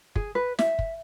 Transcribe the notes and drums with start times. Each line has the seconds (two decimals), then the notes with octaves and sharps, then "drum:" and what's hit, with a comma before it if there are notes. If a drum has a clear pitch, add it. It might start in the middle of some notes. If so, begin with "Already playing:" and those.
0.16 G#4, drum: kick
0.35 B4
0.59 E5, drum: snare
0.79 drum: kick